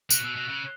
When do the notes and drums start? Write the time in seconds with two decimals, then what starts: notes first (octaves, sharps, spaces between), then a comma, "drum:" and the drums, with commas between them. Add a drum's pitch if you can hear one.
0.10 B2 F#6, drum: tambourine
0.23 B2 E6
0.36 B2 F#6
0.49 C#3